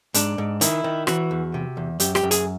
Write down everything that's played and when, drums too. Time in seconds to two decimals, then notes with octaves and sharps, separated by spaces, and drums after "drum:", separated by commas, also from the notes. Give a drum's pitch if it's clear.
0.14 G#2 D4, drum: hi-hat
0.38 G#2
0.61 D#3 E4, drum: hi-hat
0.84 D#3
1.07 E3 F#4, drum: rim click
1.31 E2
1.54 C3
1.77 E2
2.00 F#2 G4, drum: hi-hat
2.15 G4, drum: rim click
2.23 F#2
2.31 G#4, drum: hi-hat